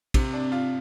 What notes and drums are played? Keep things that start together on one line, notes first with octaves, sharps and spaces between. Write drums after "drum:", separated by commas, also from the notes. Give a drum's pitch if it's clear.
C3, drum: kick, cymbal
D4
F4